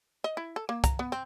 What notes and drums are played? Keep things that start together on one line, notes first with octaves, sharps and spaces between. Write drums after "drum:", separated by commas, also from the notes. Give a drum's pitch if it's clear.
D#5
E4
A4
A#3
A#5, drum: kick, hi-hat
B3
C4